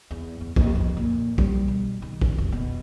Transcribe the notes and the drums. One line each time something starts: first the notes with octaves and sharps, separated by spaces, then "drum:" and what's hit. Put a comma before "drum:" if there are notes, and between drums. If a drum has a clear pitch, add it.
E2
E2
D#2, drum: kick
F2
A#2
G3, drum: kick
B2
D#3
drum: kick
F1
B2